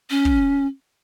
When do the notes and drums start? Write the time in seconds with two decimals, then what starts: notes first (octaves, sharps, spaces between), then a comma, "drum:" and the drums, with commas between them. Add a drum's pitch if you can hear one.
0.10 C#4
0.25 drum: kick